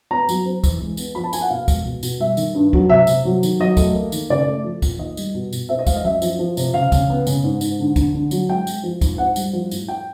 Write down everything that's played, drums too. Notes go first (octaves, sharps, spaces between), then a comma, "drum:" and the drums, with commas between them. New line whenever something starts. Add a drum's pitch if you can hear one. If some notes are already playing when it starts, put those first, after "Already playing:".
B3 A#5
F#3, drum: tambourine
C4
E3, drum: kick, tambourine
G#3
B3, drum: tambourine
F3 B5
A5
A#3 G#5, drum: tambourine
F#5
B2 F5
G#3, drum: kick, tambourine
B2
B2, drum: tambourine
G3 E5
D#3, drum: tambourine
G2
F#3, drum: kick
C3 E5
C3, drum: tambourine
F#3
D#3, drum: tambourine
F#3 D#5
A3, drum: kick, tambourine
A#3
D#3, drum: tambourine
C#3 D5
A3
F3
A#2, drum: kick, tambourine
D#3 D#5
G3, drum: tambourine
B2
B2, drum: tambourine
C4 E5
D#5
G#3 F5, drum: kick, tambourine
D#5
F#2 E5
F3, drum: tambourine
F3
C3, drum: tambourine
C#3 F5
C#3, drum: kick, tambourine
B3
C#3, drum: tambourine
G#2
G#2, drum: tambourine
D3
D3, drum: kick, tambourine
D3
F#3, drum: tambourine
G#3 G5
G#3, drum: tambourine
F3
G#2, drum: kick, tambourine
C4 F#5
G3, drum: tambourine
F3
A2, drum: tambourine
G5